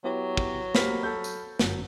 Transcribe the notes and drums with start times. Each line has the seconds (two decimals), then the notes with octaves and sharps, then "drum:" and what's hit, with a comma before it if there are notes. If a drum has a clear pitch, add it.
0.04 F#3 B3 E4 G4
0.37 drum: kick
0.75 A#3 G4 C5 B5 F6 B6, drum: snare
1.03 A4 G6
1.24 drum: tambourine
1.59 G1 F#2 F#3, drum: snare